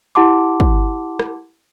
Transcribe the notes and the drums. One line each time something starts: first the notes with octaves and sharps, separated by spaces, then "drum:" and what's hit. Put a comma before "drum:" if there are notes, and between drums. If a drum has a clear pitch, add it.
E4 G4 F#5 A5 C6 D6
drum: kick
drum: rim click